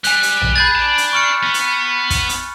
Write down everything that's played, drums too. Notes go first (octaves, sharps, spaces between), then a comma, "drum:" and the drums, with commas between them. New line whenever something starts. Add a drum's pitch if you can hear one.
G3 G#5 F#6, drum: hi-hat
drum: hi-hat
drum: tom A#1
G#4 B5 G6 A6
D5 A5
drum: hi-hat
C#6 F6 C#7
B3
drum: hi-hat
drum: kick, hi-hat
drum: hi-hat